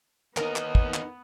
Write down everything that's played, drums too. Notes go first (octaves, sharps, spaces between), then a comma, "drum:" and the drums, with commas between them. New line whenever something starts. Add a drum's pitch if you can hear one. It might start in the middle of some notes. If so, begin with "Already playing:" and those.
D#2 B3 D#4 A#4, drum: clap
drum: clap
drum: kick
drum: clap